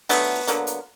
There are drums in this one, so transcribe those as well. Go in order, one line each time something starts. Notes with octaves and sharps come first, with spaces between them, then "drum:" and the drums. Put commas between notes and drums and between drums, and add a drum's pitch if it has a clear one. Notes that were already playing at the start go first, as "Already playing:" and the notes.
D3 F#3 A3 B3, drum: open hi-hat
D3 F#3 A#3, drum: hi-hat
drum: hi-hat